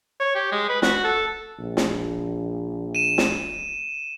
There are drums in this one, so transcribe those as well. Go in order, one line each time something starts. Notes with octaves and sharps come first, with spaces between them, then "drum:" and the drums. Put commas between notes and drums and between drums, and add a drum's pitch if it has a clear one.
C#5
G4
G#3
B4
F#4, drum: snare
A4
A#1
drum: snare
D#7 E7
drum: snare